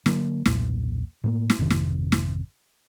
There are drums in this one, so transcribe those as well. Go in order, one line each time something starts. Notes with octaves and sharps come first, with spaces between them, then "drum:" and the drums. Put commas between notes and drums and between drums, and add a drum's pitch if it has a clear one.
D3 F#3 A#3, drum: snare
B1 E2 A#2, drum: snare
A2 A3 A#3
drum: snare
G#1 F2 C3 D#3
drum: snare
drum: snare